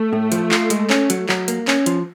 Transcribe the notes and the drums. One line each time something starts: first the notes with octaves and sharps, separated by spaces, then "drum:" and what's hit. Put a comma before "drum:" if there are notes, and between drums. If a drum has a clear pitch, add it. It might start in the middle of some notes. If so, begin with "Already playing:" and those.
Already playing: A3
A2
F3, drum: hi-hat
F4, drum: clap
G#3, drum: hi-hat
C#4, drum: clap
F#3, drum: hi-hat
F#3, drum: clap
A#3, drum: hi-hat
C#4, drum: clap
F3, drum: hi-hat